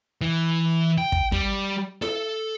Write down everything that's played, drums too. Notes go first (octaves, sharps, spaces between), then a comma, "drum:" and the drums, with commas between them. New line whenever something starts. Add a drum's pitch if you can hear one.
E3
G5
drum: kick
G3, drum: kick
A4, drum: snare E4